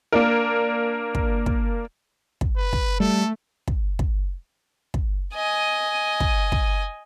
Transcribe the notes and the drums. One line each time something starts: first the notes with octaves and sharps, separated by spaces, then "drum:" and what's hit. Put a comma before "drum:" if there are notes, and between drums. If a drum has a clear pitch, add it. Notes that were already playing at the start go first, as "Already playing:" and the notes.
A#3 D4 A#4
drum: kick
drum: kick
drum: kick
B4
drum: kick
G3 A3 A4
drum: kick
drum: kick
drum: kick
D#5 G#5
drum: kick
drum: kick